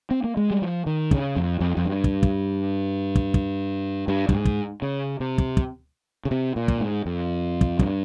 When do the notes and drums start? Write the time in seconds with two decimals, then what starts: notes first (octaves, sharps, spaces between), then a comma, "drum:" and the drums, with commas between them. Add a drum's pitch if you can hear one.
0.11 C4
0.24 A#3
0.37 G#3
0.51 G3
0.62 F3
0.86 D#3
1.11 C#3, drum: kick
1.36 F2
1.61 F2
1.77 F2
1.85 G2
2.04 drum: kick
2.23 drum: kick
3.15 drum: kick
3.34 drum: kick
4.08 G2
4.29 G2, drum: kick
4.33 G#2
4.45 drum: kick
4.82 C#3
5.20 C3
5.38 drum: kick
5.57 drum: kick
6.25 C#3
6.31 C3
6.56 A#2
6.68 drum: kick
6.80 G#2
7.06 F2
7.61 drum: kick
7.79 G2, drum: kick